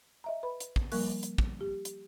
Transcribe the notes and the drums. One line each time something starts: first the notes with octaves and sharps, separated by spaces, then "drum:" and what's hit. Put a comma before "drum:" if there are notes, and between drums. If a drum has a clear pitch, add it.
D#5 E5 A#5
B4 B5
drum: hi-hat
drum: kick
F3 G3 A#3 A#4 C#6 F#6, drum: open hi-hat
drum: hi-hat
drum: kick
G4
drum: hi-hat